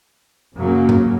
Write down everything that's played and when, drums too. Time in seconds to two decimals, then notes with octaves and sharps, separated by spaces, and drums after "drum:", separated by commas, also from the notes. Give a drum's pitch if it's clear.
0.56 F#2 C#3 F#3 A#3
0.89 drum: tom G2